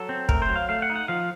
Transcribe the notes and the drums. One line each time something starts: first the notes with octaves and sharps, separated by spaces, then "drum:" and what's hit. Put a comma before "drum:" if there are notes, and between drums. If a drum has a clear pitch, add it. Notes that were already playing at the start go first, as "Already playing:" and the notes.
Already playing: F#3 A4
C4
A3 A#4, drum: kick
C5
F#3
F5
A3 F5
F#5
D#4
F#5
F3 F5